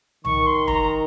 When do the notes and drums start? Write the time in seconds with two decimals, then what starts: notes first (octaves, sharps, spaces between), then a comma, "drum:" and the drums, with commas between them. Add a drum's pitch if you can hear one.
0.25 D#3 C#6, drum: tom C2
0.47 C6
0.68 A#5, drum: kick E1